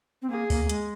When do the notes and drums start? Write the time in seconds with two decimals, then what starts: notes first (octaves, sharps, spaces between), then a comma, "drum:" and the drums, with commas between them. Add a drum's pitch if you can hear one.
0.22 C4
0.30 A#3 G#4
0.50 A#3, drum: kick, open hi-hat
0.64 A#3
0.69 G#3, drum: hi-hat